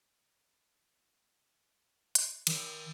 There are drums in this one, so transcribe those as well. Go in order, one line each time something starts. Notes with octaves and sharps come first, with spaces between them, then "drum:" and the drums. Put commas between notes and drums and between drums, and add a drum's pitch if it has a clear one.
drum: hi-hat
D#3, drum: cymbal